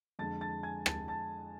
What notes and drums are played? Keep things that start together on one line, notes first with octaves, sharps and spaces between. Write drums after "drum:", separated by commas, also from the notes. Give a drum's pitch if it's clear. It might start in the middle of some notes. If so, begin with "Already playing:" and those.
F2 D3 G#3 A5 A6
A5 A6
G#5 G#6
A5 A6, drum: rim click
A5 A6